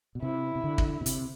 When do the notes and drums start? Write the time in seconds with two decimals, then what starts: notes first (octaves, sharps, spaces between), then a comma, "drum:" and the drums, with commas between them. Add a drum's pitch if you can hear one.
0.15 B2
0.22 C3 E4
0.56 C3
0.64 D3
0.78 drum: kick
1.01 B2
1.06 C3, drum: hi-hat